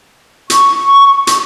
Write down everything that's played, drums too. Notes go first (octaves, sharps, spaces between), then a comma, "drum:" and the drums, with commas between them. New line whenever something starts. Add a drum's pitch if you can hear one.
C#6, drum: hi-hat
drum: hi-hat